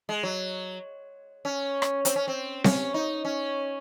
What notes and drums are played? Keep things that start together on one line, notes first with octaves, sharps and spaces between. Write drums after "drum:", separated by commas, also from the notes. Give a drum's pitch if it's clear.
G#3
F#3
C#4
drum: rim click
C4, drum: hi-hat
C#4
C4
C#4, drum: snare C4
D#4
C#4